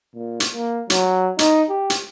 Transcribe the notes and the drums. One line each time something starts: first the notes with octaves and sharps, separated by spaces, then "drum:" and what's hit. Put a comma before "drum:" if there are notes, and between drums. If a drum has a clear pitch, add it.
A#2
drum: hi-hat
A#3
F#3, drum: hi-hat
D#4, drum: hi-hat
G4
drum: hi-hat